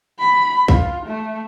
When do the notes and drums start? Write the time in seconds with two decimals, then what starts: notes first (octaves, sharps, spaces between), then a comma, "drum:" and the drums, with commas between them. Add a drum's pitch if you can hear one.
0.19 B5
0.68 F4, drum: kick
1.06 A3